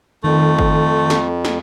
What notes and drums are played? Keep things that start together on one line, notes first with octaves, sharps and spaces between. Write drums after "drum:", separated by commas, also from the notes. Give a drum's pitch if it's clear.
F2 D#3 A3
drum: kick G1
drum: snare
drum: snare